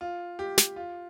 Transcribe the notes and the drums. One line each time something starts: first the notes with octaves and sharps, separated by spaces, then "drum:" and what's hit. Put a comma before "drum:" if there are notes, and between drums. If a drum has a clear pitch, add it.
F4
G4
drum: snare
F4